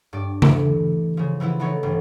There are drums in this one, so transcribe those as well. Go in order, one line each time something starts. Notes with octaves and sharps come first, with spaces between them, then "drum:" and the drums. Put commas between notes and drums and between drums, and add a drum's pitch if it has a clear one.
G2 D5
E3 A3, drum: tom C#3
C#3 F3
E3 F3 B3 E4
E3 A3 B3 D#4 C#5
G1